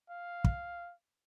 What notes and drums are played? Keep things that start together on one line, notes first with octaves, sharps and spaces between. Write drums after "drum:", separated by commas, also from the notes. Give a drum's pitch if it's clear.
F5
drum: kick